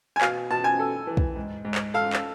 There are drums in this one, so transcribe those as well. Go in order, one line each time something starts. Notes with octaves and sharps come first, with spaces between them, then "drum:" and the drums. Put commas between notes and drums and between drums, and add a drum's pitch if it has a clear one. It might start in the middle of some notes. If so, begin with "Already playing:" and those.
G#5
B2 F5, drum: clap
B2 A5
G#5
A4
E3
drum: kick
G#2
G#2
drum: clap
A4 F5
drum: clap